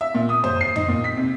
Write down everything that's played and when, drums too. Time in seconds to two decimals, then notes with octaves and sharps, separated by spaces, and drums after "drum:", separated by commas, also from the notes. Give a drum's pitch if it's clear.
0.01 E5
0.15 A#2
0.29 D#6
0.44 C5, drum: tom F2
0.61 C7
0.76 D#4, drum: tom F2
0.88 A#2
1.04 B6
1.16 C3